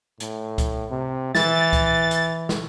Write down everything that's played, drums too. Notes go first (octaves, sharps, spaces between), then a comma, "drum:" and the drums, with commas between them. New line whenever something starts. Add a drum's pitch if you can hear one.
A2, drum: hi-hat
drum: kick C2, hi-hat
C3
E3 A6, drum: snare
drum: kick C2, hi-hat
drum: hi-hat
drum: snare